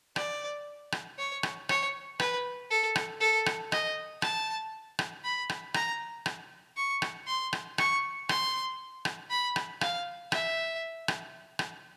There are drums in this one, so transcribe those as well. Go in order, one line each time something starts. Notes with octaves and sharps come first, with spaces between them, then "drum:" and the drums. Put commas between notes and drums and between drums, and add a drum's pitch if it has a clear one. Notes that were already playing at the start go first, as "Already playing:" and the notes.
D5, drum: rim click
drum: rim click
C#5
drum: rim click
C#5, drum: rim click
B4, drum: rim click
A4
drum: rim click
A4
drum: rim click
D#5, drum: rim click
A5, drum: rim click
drum: rim click
B5
drum: rim click
A#5, drum: rim click
drum: rim click
C#6
drum: rim click
C6
drum: rim click
C#6, drum: rim click
C6, drum: rim click
drum: rim click
B5
drum: rim click
F5, drum: rim click
E5, drum: rim click
drum: rim click
drum: rim click